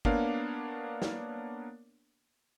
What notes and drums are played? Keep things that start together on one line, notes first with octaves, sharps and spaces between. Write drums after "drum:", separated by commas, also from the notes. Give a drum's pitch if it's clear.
A#3 B3 D4 A#4 C#5 F5, drum: kick
drum: snare